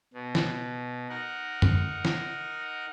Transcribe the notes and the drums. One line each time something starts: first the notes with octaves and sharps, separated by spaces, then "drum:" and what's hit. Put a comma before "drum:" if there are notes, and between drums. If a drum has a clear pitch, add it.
B2
drum: snare
D#4 A#4 F#5
drum: tom F#2
drum: snare